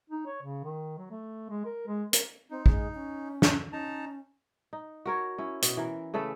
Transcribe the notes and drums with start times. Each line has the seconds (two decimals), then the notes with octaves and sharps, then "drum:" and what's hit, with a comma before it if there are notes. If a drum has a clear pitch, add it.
0.10 D#4
0.27 C#5
0.43 C#3
0.64 D#3
0.98 F#3
1.11 A3
1.50 G#3
1.65 A#4
1.87 G#3
2.13 A#4, drum: hi-hat
2.50 C4 D#4
2.66 G#3, drum: kick
2.95 C#4
3.42 drum: snare
3.72 C#4 D#4 A5 A#5
4.73 D#4
5.06 F#4 A#4 C#5
5.38 C#4 E4
5.62 B2, drum: hi-hat
5.77 E3 A#4
6.14 C#3 A3 A4 B4